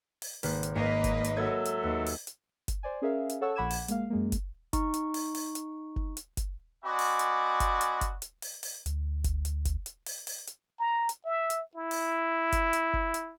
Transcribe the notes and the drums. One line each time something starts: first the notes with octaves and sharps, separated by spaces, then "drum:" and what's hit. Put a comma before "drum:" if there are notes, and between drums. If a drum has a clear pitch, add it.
drum: open hi-hat
G#1 A#3 B4, drum: open hi-hat
drum: hi-hat
G#2 A#3 B4 D#5 G#5 C7
drum: kick F#1, hi-hat
drum: hi-hat
F#3 A4 C#5 E5 G#6 A6
drum: hi-hat
D#2 B4
drum: open hi-hat
drum: hi-hat
drum: kick F#1, hi-hat
C5 D5 G#5
C#4 G#4 A#4 E5 F5
drum: hi-hat
A4 C#5 F#5 A5 C#6 E6
A#1 F#5 B5 D6 G#6 E7
drum: open hi-hat
G#3 A#3 F5, drum: hi-hat
F#2 G#3 A#3
drum: kick F#1, hi-hat
D#4 C#6, drum: kick F#1, hi-hat
drum: hi-hat
drum: open hi-hat
drum: open hi-hat
drum: hi-hat
drum: kick F#1
drum: hi-hat
drum: kick F#1, hi-hat
C4 F#4 D5 D#5 G#5 B5
drum: open hi-hat
drum: hi-hat
drum: kick F#1, hi-hat
drum: hi-hat
drum: kick F#1, hi-hat
drum: hi-hat
drum: open hi-hat
drum: open hi-hat
D2, drum: hi-hat
drum: kick F#1, hi-hat
drum: hi-hat
drum: kick F#1, hi-hat
drum: hi-hat
drum: open hi-hat
drum: open hi-hat
drum: hi-hat
A#5
drum: hi-hat
E5
drum: hi-hat
E4
drum: open hi-hat
drum: kick F#1, hi-hat
drum: hi-hat
drum: kick F#1
drum: hi-hat